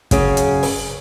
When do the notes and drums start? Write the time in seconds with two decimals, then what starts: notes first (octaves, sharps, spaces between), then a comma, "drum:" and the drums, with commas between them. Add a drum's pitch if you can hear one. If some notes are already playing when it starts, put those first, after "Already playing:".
0.11 F#2 C#3, drum: kick, hi-hat
0.37 drum: hi-hat
0.63 drum: open hi-hat